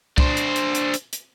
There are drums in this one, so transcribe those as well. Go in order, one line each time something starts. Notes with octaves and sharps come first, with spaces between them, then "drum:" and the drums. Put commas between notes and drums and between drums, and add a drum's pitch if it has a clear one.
D4 C5, drum: kick
drum: hi-hat
drum: hi-hat
drum: hi-hat
drum: hi-hat
drum: hi-hat